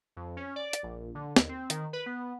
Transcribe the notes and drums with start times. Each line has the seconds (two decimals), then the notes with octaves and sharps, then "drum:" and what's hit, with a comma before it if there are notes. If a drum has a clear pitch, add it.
0.17 F2
0.37 C#4
0.56 D5
0.73 drum: hi-hat
0.83 A#1
1.15 D3
1.36 D#2, drum: snare
1.49 C4
1.70 D#3, drum: hi-hat
1.93 B4
2.06 B3